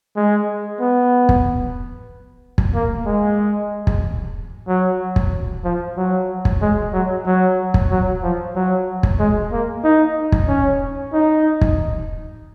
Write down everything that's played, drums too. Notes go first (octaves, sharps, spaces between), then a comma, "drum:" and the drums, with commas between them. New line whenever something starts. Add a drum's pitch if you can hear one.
G#3
B3
drum: kick
drum: kick
A#3
G#3
drum: kick
F#3
drum: kick
F3
F#3
drum: kick
G#3
F#3
F#3
drum: kick
F#3
F3
F#3
drum: kick
G#3
A#3
D#4
drum: kick
C#4
D#4
drum: kick